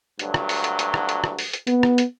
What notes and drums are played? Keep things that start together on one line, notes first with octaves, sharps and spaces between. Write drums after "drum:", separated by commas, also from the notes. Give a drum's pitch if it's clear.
D2 G2 F#3, drum: hi-hat
drum: rim click
drum: open hi-hat
drum: hi-hat
drum: hi-hat
drum: rim click
drum: hi-hat
drum: rim click
drum: open hi-hat
drum: hi-hat
B3, drum: hi-hat
drum: rim click
drum: hi-hat